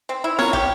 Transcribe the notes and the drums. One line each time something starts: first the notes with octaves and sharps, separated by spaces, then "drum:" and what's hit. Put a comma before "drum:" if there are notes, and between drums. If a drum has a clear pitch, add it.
C4
E4
A#4 C#5, drum: snare F4
G4, drum: kick